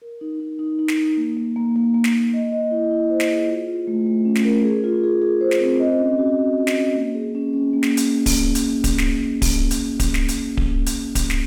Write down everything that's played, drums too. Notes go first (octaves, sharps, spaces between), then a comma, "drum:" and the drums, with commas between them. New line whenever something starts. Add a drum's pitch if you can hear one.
A#4
D#4
D#4
D#4
D#4
drum: snare
D#4
A#3
A#3
A#3
A#3
A#3
drum: snare
A#3
D#5
D#5
E4
E4
C5
drum: snare
G#4
F4
F4
A3
A3
C#4
drum: snare
A#4
G#4
F4
G#4
G#4
C5
drum: snare
C4
D#5
C#4
F#4
C#4
D#5
drum: snare
C#4
A#3
G#4
C#4
C#4
A#3
drum: snare
drum: hi-hat
drum: kick D1, open hi-hat
drum: hi-hat
drum: kick D1, hi-hat
drum: snare
drum: kick D1, open hi-hat
drum: hi-hat
drum: kick D1, hi-hat
drum: snare
drum: hi-hat
drum: kick D1
drum: hi-hat
drum: kick D1, hi-hat
drum: snare